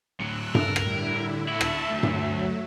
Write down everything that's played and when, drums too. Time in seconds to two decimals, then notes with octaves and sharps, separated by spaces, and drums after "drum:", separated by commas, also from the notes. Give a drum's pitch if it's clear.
0.20 D2 A2 F#3 E6 F#6
0.55 C#3 A4 A#4, drum: tom G2
0.76 drum: rim click
0.85 A2 D3 G3 E4
1.48 E4 F#4 E5 A5
1.61 drum: rim click
1.90 D2 F#3 A3
2.03 drum: tom G2